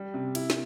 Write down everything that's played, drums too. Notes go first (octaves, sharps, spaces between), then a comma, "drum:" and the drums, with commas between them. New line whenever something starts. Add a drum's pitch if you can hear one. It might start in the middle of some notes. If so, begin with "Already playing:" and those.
Already playing: G3
C3
E4, drum: cymbal
drum: snare